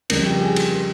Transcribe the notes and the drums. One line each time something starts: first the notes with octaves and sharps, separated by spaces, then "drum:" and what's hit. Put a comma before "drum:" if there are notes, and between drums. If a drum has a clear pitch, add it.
F2 C#3 G3 A#4, drum: cymbal
G4
G#4
drum: cymbal